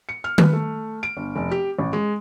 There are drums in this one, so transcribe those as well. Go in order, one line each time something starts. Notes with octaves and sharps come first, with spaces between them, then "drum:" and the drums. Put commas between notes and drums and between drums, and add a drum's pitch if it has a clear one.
C#7
F6
B4, drum: tom D#3
A3
D7
G1
F1
G4
A1
G#3